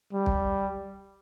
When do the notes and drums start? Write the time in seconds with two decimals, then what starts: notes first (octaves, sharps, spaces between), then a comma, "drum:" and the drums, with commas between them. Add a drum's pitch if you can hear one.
0.13 G3
0.26 drum: kick